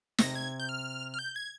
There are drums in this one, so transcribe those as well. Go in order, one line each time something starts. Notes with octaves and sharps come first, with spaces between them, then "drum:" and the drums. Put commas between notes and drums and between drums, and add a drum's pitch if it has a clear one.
C3 A#6, drum: snare
G#6
G6
F6
F6
G6
G#6